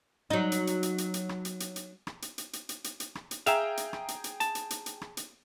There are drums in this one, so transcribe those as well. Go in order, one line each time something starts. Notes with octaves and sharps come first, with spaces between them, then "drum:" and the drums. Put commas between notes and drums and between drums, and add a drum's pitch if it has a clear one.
F#3 D#4
drum: hi-hat
drum: hi-hat
drum: hi-hat
drum: hi-hat
drum: hi-hat
drum: rim click
drum: hi-hat
drum: hi-hat
drum: hi-hat
drum: rim click
drum: hi-hat
drum: hi-hat
drum: hi-hat
drum: hi-hat
drum: hi-hat
drum: hi-hat
drum: rim click
drum: hi-hat
G#4 E5 F5 G5 A#5, drum: hi-hat
drum: hi-hat
drum: rim click
drum: hi-hat
drum: hi-hat
A5, drum: hi-hat
drum: hi-hat
drum: hi-hat
drum: hi-hat
drum: rim click
drum: hi-hat